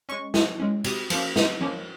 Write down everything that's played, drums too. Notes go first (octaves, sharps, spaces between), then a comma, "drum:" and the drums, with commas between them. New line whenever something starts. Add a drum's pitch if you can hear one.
G#3 C#4 C#6
F3, drum: snare
G#3 C#4
C3 D#6, drum: cymbal
F3 A#3 C#4, drum: cymbal
C3, drum: snare
F3 A#3 C#4